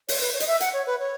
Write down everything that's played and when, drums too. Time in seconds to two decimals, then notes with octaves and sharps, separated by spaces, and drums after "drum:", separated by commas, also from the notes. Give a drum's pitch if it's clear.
0.09 C#5, drum: open hi-hat
0.21 B4
0.34 C#5
0.40 D#5, drum: hi-hat
0.47 E5
0.60 F#5, drum: hi-hat
0.73 C#5
0.86 B4
0.99 C#5